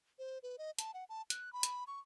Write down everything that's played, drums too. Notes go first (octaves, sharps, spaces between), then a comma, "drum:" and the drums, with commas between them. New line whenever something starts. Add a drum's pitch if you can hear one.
C5
B4
D#5
A5, drum: hi-hat
F#5
A5
F#6, drum: hi-hat
B5
drum: hi-hat
C#6